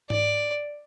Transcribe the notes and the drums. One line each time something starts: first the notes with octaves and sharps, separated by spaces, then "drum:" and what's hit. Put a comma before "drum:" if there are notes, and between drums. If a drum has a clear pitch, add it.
D5, drum: tom G#2